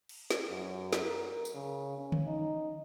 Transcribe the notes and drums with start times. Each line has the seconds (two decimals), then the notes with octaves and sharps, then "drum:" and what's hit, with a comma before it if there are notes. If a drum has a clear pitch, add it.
0.09 drum: cymbal
0.30 drum: snare
0.50 F#2
0.93 drum: snare
1.03 A#4
1.45 drum: tambourine
1.54 C#3
1.98 C#4
2.12 drum: tom D3
2.27 D#4